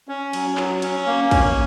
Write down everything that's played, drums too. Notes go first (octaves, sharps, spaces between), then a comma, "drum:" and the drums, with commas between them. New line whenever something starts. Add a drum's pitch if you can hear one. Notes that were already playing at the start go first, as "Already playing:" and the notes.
C#4
F#3, drum: cymbal
F#3, drum: clap
C#4, drum: cymbal
A#3
C#4, drum: kick, cymbal